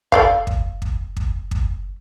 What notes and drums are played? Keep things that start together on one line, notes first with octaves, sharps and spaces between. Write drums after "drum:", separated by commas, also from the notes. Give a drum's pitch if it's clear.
A4 D5 F5, drum: kick
drum: kick
drum: kick
drum: kick
drum: kick